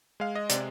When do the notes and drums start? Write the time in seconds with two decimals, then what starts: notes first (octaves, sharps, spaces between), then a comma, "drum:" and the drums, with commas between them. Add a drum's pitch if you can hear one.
0.20 G#3 F5
0.35 D#5
0.49 C3 D5, drum: hi-hat